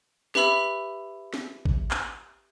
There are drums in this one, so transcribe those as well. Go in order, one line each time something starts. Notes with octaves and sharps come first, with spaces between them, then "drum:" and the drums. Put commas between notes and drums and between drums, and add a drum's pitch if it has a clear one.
G4 B4 E5 B5 E6 F7, drum: snare
drum: snare
drum: kick G#1
drum: clap